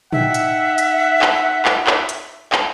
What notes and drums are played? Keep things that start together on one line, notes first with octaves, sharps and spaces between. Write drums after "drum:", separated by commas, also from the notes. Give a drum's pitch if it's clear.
D#4 E5 F#5 G5, drum: tom
drum: hi-hat
drum: hi-hat
drum: clap
drum: clap
drum: clap
drum: hi-hat
drum: clap